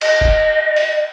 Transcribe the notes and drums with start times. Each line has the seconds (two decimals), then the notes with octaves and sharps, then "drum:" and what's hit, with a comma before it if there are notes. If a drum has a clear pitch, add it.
0.01 D#5, drum: cymbal
0.21 drum: kick
0.76 drum: open hi-hat